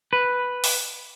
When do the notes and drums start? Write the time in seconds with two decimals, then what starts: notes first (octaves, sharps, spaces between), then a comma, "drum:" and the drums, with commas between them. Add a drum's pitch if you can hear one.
0.13 B4
0.64 drum: open hi-hat